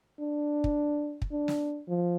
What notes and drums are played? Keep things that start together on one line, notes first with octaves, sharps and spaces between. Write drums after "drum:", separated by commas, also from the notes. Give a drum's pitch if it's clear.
D4
drum: kick
drum: kick
D4
drum: snare
F3